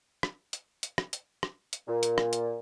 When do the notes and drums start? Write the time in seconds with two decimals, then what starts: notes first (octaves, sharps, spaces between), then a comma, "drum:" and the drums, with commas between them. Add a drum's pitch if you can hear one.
0.23 drum: rim click
0.53 drum: hi-hat
0.83 drum: hi-hat
0.98 drum: rim click
1.13 drum: hi-hat
1.43 drum: rim click
1.73 drum: hi-hat
1.88 A#2
2.03 drum: hi-hat
2.18 drum: rim click
2.33 drum: hi-hat